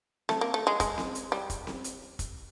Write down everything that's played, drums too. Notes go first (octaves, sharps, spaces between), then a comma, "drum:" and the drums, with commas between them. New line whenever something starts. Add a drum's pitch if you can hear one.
A3, drum: snare C4
A#3
A3
G#3
G#3, drum: kick, hi-hat
drum: snare C4
drum: hi-hat
G3
drum: kick, hi-hat
drum: snare C4
drum: hi-hat
drum: kick, hi-hat